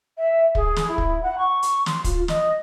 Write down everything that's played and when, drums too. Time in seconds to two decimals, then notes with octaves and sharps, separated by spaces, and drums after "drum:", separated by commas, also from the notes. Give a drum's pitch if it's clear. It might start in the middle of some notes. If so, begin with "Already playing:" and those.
0.17 E5
0.55 G#4, drum: kick
0.76 drum: snare
0.88 E4
0.98 drum: kick
1.22 F#5
1.37 C#6
1.63 drum: hi-hat
1.86 C6, drum: snare
2.04 F4, drum: kick, hi-hat
2.28 D#5, drum: snare